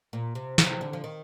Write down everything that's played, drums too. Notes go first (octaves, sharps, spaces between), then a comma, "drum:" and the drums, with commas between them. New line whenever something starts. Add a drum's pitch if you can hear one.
A#2
C3
C3, drum: snare
D3
F3
D#3